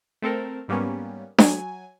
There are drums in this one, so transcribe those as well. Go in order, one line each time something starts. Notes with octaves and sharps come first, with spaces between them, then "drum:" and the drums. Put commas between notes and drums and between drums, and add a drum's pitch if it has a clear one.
A3 C4 A4 A#4
G#2 G3 A#3 B3 C#4
F#3 G#5, drum: snare D4